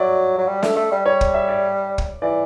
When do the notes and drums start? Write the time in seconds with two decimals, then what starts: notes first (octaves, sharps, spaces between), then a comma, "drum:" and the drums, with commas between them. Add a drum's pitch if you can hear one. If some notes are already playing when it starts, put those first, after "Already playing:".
Already playing: F#3 D5 E5
0.38 F#3
0.47 G3
0.63 A3, drum: snare
0.76 A3
0.91 G3
1.06 G3 C#5
1.21 drum: kick
1.34 E5
1.49 D5
1.98 drum: kick
2.22 E3 D5